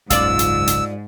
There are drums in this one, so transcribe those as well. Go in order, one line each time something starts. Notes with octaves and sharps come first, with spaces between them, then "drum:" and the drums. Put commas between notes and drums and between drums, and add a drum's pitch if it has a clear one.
F#1 C#2 G#2 B2 F4 D5 E6, drum: hi-hat
drum: hi-hat
drum: hi-hat